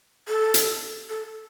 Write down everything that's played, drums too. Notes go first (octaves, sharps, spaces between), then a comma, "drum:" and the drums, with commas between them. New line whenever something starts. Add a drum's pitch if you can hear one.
A4
drum: hi-hat
A4